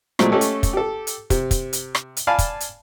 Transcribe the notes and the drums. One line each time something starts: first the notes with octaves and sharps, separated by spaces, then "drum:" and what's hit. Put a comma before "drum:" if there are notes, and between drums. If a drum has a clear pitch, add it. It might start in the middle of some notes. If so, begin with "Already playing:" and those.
A#2 F#3 G#3 A3 C4, drum: rim click
A3 C#4 G4 A4 D#5
drum: hi-hat
drum: kick, hi-hat
G4 A4
drum: hi-hat
C3, drum: kick, hi-hat
drum: kick, hi-hat
drum: hi-hat
drum: rim click
drum: hi-hat
D5 F5 G#5 A5 B5
drum: kick, hi-hat
drum: hi-hat